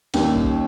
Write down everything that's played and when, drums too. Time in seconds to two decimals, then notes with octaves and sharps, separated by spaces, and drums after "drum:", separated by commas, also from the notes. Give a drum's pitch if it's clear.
0.14 D#2 D#3 G3 A#3 C#4 G5, drum: cymbal
0.36 drum: kick